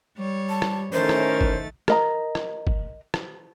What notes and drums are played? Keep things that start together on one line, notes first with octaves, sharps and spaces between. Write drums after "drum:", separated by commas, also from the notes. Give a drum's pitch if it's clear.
G3 C#5
A5
drum: rim click
A2 D#3 A3 C#4 A#4 C5 A6
drum: rim click
drum: kick
A#4 D#5 A#5, drum: rim click
drum: rim click
drum: kick
drum: rim click